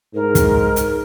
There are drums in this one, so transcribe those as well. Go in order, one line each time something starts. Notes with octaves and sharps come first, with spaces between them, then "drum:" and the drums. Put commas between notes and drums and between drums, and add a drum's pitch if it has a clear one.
G#2 A#4
drum: kick, hi-hat
drum: hi-hat